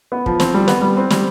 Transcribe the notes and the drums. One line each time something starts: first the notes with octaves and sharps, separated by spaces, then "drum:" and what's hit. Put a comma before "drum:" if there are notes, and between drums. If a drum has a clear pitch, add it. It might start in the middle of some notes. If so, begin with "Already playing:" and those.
B3
F3, drum: kick
C4, drum: snare
G3
B3, drum: snare
G3
C4
G3, drum: snare